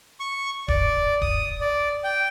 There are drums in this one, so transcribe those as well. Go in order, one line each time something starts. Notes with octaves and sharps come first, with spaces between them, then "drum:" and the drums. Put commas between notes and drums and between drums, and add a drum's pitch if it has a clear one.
C#6
D5, drum: kick D1
D#6, drum: kick D1
D5
G5